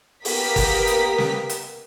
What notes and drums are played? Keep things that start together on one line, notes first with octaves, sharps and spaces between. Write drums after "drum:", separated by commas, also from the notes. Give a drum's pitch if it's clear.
A#3 B3 G4 A#4 D#6 B6, drum: open hi-hat
drum: kick F#1, open hi-hat
drum: hi-hat
drum: snare
drum: hi-hat